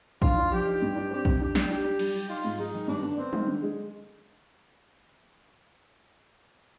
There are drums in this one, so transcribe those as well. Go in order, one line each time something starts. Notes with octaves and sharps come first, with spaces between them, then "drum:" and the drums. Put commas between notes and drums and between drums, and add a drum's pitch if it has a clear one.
D4 F4, drum: kick
D4
F3 G4
D#4
G2
D4
C4 G4
C3, drum: kick
D4 G4
D4, drum: snare
D4 G4
D4
G3, drum: cymbal
G3
D#4 F4
G#2
G#3 D#4
D#3
G2 D4
D3
B3 C4
D#3, drum: tom G3
D3
G#3